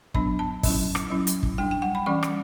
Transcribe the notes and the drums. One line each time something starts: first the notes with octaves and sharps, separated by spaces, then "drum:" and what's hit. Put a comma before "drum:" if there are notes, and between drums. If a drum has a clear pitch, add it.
F#3 B3 D4 B5, drum: kick
A5
F#3 C#4 E4, drum: kick, open hi-hat
drum: rim click
F#3 C#4 E4
drum: hi-hat
drum: kick
G3 D4 G5
G5
F#5
B5
E3 G3 C#4 C#6
drum: rim click